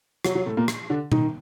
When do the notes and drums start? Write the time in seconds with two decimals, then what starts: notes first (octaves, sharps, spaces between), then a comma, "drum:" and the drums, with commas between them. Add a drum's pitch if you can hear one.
0.25 F#3, drum: rim click
0.35 F#3
0.46 A2 A3
0.57 A#2 A#3
0.68 drum: rim click
0.90 D3 D4
1.12 D#3 D#4, drum: tom B2